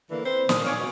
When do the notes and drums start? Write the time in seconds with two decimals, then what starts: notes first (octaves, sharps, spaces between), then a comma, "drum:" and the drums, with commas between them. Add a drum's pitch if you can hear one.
0.10 D3 E3 A#3
0.24 C4 B4 C5
0.49 A#2 D#6 F6, drum: snare
0.64 G#4 C#5 D5 F5
0.78 B2